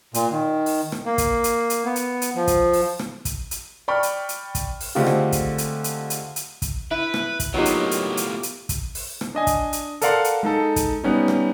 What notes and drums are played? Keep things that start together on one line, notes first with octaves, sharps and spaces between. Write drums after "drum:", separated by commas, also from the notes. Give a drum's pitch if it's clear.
A#2, drum: hi-hat
D#3
drum: open hi-hat
drum: rim click
A#3
drum: kick, hi-hat
drum: hi-hat
drum: hi-hat
B3
drum: hi-hat
drum: hi-hat
F3
drum: kick, hi-hat
drum: open hi-hat
drum: rim click
drum: kick, hi-hat
drum: hi-hat
D5 G5 B5 C#6 F6
drum: hi-hat
drum: hi-hat
drum: kick, hi-hat
drum: open hi-hat
D3 G#3 A3 C4 F4 G4
drum: rim click
drum: kick, hi-hat
drum: hi-hat
drum: hi-hat
drum: hi-hat
drum: hi-hat
drum: kick, hi-hat
E4 B4
drum: rim click
drum: kick, hi-hat
A2 F#3 A#3 B3 D#4 F4 G4
drum: hi-hat
drum: hi-hat
drum: hi-hat
drum: hi-hat
drum: kick, hi-hat
drum: open hi-hat
drum: rim click
D4 D#5 G#5
drum: kick, hi-hat
drum: hi-hat
A4 A#4 D5 F5 F#5 C6, drum: hi-hat
drum: hi-hat
G#3 D#4 A4
drum: kick, hi-hat
G3 B3 C#4 D#4
drum: rim click